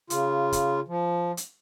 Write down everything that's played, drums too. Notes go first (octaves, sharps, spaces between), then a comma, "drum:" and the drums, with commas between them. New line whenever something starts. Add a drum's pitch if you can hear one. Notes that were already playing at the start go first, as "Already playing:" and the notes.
C#3 F4, drum: hi-hat
drum: kick, hi-hat
F3
drum: hi-hat